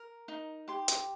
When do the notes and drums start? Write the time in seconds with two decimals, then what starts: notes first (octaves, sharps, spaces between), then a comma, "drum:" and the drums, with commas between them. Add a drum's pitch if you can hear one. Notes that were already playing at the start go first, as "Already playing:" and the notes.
Already playing: A#4
0.28 D#4
0.68 G4 C6
0.88 drum: hi-hat